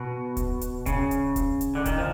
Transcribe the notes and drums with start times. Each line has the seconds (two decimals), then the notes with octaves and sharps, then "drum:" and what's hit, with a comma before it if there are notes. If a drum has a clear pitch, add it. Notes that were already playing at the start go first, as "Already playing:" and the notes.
Already playing: B2
0.37 drum: kick D1, hi-hat
0.61 drum: hi-hat
0.86 C#3, drum: kick D1, hi-hat
1.11 drum: hi-hat
1.36 drum: kick D1, hi-hat
1.61 drum: hi-hat
1.75 D3
1.85 D#3, drum: kick D1, hi-hat
1.98 F3